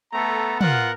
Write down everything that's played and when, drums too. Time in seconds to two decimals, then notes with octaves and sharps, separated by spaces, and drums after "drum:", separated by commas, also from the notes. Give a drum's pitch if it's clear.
0.13 A3 B3 A4 A#5
0.61 B3 F4 A#4 F#5, drum: tom